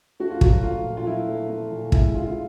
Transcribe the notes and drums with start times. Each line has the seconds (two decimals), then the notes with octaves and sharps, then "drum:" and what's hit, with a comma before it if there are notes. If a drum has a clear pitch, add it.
0.20 A3 F#4
0.31 F4
0.41 F#3 F#4, drum: kick
0.62 A3 F4
0.84 A#2
0.97 F4
1.06 F#3 E4
1.28 A3
1.50 A3
1.71 A#2
1.92 G#3 E4, drum: kick
2.14 G#3 F4
2.25 F4